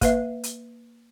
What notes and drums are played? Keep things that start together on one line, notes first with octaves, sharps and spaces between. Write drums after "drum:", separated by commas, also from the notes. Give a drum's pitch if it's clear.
A#3 B4 E5, drum: kick, hi-hat
drum: hi-hat